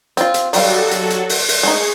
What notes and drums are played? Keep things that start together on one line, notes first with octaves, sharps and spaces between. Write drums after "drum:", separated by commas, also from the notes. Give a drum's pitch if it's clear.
C4 F4, drum: hi-hat
drum: hi-hat
D#3 F#3 G3 F#4 A4 F5, drum: open hi-hat
drum: hi-hat
drum: hi-hat
drum: open hi-hat
drum: open hi-hat
G#3 A3 D#4 G#4 C#6